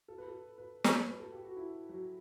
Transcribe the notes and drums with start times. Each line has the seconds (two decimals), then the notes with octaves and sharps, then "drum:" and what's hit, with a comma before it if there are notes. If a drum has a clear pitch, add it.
0.08 A4
0.18 B4
0.28 A4
0.58 B4
0.84 drum: snare
1.07 B4
1.20 A4
1.32 G4
1.45 F#4
1.57 E4
1.89 F#3